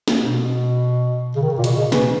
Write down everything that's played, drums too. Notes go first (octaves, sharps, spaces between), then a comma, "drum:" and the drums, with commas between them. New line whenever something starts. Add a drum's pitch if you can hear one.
drum: snare
B2
C#3
D#3
C#3
A#2
B2, drum: cymbal
C#3
E3, drum: snare